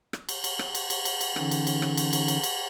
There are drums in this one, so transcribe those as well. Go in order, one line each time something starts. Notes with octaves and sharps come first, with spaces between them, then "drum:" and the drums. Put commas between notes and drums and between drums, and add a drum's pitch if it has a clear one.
drum: rim click
drum: cymbal
drum: cymbal
drum: rim click
drum: cymbal
drum: cymbal
drum: cymbal
drum: cymbal
D3 E3 C#4 D#4, drum: rim click
drum: cymbal
drum: cymbal
drum: rim click
drum: cymbal
drum: cymbal
drum: cymbal
drum: cymbal